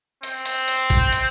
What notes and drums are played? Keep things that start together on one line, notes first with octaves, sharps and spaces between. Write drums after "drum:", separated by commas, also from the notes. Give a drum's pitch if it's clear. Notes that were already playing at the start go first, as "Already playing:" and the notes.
C4, drum: hi-hat
drum: hi-hat
drum: hi-hat
drum: kick A#1, hi-hat
drum: hi-hat